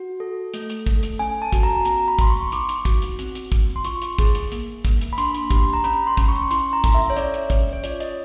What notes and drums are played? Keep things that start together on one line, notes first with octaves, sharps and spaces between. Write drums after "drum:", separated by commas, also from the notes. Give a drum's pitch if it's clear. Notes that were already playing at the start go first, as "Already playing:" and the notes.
Already playing: F#4
A4
A3, drum: hi-hat
drum: hi-hat
A4, drum: kick, hi-hat
drum: hi-hat
C#4 G#5
A5
F#4, drum: kick, hi-hat
A#5
B3 A#5, drum: hi-hat
B5
B3 C6, drum: kick, hi-hat
C#6
C#6
D#4 D6, drum: hi-hat
drum: hi-hat
F#4, drum: kick, hi-hat
drum: hi-hat
C4, drum: hi-hat
drum: hi-hat
C4, drum: kick, hi-hat
C6
F4 C#6, drum: hi-hat
drum: hi-hat
G#4, drum: kick, hi-hat
drum: hi-hat
A#3, drum: hi-hat
A#3, drum: kick, hi-hat
drum: hi-hat
B5
D4 C6, drum: hi-hat
drum: hi-hat
G4, drum: kick, hi-hat
A#5
C#4 B5, drum: hi-hat
C6
C#4, drum: kick, hi-hat
C6
C#6
E4 C6, drum: hi-hat
A#5
A4, drum: kick, hi-hat
E5
C#5
C#4 D5, drum: hi-hat
drum: hi-hat
C#4, drum: kick, hi-hat
C#5
F4 D5, drum: hi-hat
D#5, drum: hi-hat